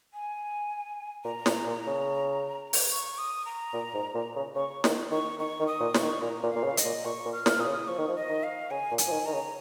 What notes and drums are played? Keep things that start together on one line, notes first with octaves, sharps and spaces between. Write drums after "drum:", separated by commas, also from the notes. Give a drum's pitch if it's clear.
G#5
A#2 A#5
A#2, drum: snare
A#2
C#3
drum: open hi-hat
C#6
D#6
A#5
A#2
G#2
A#2
C#3
C#3 C#6
D#3, drum: snare
D#3 C#6
D#3 C#6
D#3
D#6
A#2
C#6, drum: snare
D#3
A#2 A#5
A#2
F5
A#2
C#3
D#5, drum: hi-hat
A#2
A#2 C#6
A#2
F6
A#2, drum: snare
A#2 D#6
C#3
F3 C#6
D#3
F3
D#5
D#3
F5
C#3 G#5
A#2
G#5, drum: hi-hat
F3
D#3
D#3 A#5
C#3